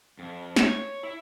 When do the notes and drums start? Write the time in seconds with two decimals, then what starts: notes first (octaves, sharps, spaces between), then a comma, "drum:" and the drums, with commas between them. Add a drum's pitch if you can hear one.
0.19 F2
0.56 C#5, drum: snare
1.03 E4